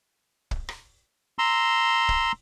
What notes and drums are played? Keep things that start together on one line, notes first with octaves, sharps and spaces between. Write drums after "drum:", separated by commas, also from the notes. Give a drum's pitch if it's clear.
drum: kick
drum: rim click
A#5 C6 E6
drum: kick